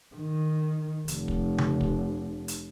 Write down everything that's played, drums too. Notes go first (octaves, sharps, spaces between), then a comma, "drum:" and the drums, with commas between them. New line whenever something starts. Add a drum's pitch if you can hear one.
D#3
F1, drum: hi-hat
drum: kick
drum: tom C#3
drum: kick
drum: hi-hat